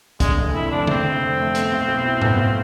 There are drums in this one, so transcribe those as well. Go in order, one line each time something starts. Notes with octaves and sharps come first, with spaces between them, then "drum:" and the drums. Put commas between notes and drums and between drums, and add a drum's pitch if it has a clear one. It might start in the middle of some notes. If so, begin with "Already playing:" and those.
D3 G#3, drum: kick, hi-hat
F1
F2 E4
A3 D4
D3 C4, drum: tom D3
F1
F2
A3
B3, drum: hi-hat
B1
B2
E4
B3, drum: tom G#2
B1